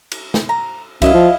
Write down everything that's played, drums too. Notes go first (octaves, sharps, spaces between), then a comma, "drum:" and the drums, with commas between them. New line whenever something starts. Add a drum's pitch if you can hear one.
drum: cymbal
drum: snare
A#5
F#2 E4 D#5 F5, drum: kick C2, cymbal
F3